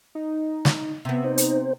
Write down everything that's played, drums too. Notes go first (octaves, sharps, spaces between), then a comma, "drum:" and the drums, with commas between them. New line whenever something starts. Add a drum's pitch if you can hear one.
D#4
drum: snare
C3 B3 E5
D#4 C5
drum: hi-hat